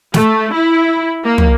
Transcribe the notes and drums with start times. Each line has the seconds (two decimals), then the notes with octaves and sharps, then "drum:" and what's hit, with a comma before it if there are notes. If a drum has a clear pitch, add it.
0.14 A3, drum: snare
0.54 E4
1.25 A#3
1.38 drum: tom